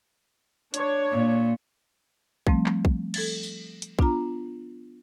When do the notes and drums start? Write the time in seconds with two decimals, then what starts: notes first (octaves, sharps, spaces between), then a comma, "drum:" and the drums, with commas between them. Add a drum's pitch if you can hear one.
0.74 D4 C#5, drum: hi-hat
1.11 A#2
2.47 F3 G3 A3 C4, drum: kick
2.66 drum: clap
2.85 drum: kick
3.14 A4 G#6 A6, drum: cymbal
3.43 drum: tambourine
3.82 drum: hi-hat
3.99 B3 D4 F4 A#5, drum: kick